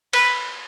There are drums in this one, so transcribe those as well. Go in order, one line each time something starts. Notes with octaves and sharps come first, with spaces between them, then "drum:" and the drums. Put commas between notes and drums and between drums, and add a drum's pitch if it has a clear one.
B4, drum: cymbal